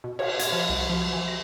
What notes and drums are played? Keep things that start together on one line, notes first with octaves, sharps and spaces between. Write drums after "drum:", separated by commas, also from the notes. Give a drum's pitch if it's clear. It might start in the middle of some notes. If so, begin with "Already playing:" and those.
B2
C#5, drum: cymbal
G#6, drum: hi-hat
F3
C2
F3
E3
A#6